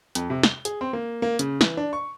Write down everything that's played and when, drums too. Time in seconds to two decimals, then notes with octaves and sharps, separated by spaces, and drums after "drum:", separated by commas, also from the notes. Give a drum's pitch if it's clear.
0.15 F2, drum: hi-hat
0.30 C3
0.43 G7, drum: snare
0.65 G#4, drum: hi-hat
0.81 C4
0.93 A#3
1.22 A#3
1.39 C#3, drum: hi-hat
1.61 E3, drum: snare
1.77 D4
1.93 C#6